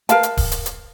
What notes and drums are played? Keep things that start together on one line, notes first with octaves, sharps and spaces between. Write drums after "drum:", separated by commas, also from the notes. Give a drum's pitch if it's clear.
A#4 B4 F5 A5, drum: hi-hat
drum: hi-hat
drum: kick D1, open hi-hat
drum: hi-hat
drum: hi-hat